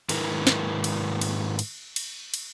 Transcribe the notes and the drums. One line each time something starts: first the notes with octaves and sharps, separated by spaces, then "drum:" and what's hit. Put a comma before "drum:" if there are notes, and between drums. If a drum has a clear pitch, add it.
G#2 D#3 E4 A#4 B4, drum: cymbal
drum: snare
drum: cymbal
drum: cymbal
drum: cymbal
drum: cymbal
drum: cymbal